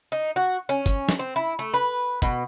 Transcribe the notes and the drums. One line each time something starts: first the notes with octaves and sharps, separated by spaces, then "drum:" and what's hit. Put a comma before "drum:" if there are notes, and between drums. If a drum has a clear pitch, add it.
D#4
F#4
C#4
drum: kick, hi-hat
drum: snare
C4
E4
A3
B4
B2, drum: kick, hi-hat